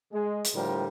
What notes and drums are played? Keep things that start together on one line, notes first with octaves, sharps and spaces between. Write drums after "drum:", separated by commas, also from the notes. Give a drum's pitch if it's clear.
G#3
drum: hi-hat
A2 D3 F3 G3 A#4